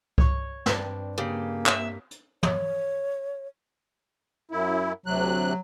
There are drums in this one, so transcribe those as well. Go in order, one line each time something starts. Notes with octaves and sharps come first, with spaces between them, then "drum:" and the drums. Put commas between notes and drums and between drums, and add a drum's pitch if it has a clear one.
C#5 C#6, drum: kick C2
G2 C4 D4, drum: snare
C#3 A#3 G4 C7
E5, drum: clap
drum: hi-hat
C#5, drum: tom
F#2 E4
D2 C3 F#3 F#6